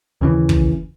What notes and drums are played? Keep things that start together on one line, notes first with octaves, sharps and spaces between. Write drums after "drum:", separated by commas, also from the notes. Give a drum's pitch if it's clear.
D#2 C#3 E3
drum: kick